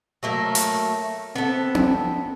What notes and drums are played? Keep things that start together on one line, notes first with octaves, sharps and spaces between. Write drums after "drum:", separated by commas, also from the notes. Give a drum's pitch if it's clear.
F#3 A3 A#3
drum: hi-hat
B3 C4 A4
drum: tom C4